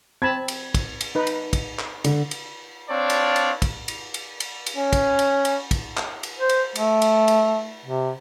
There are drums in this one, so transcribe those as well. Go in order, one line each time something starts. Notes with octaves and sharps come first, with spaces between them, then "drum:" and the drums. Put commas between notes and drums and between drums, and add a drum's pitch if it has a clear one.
C4 A5 B5 G#6
drum: cymbal
drum: kick, cymbal
drum: cymbal
D#4 B4
drum: cymbal
drum: kick, cymbal
drum: clap
D3, drum: cymbal
drum: cymbal
C4 D4 C#5 D5 F5 A5
drum: cymbal
drum: cymbal
drum: kick, cymbal
drum: cymbal
drum: cymbal
drum: cymbal
drum: cymbal
C#4
drum: kick, cymbal
drum: cymbal
drum: cymbal
drum: kick, cymbal
drum: clap
drum: cymbal
C5
drum: cymbal
A3, drum: cymbal
drum: cymbal
drum: cymbal
C3